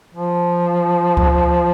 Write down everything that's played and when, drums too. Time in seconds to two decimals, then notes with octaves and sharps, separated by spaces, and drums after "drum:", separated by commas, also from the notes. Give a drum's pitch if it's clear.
0.15 F3
1.17 drum: kick C#2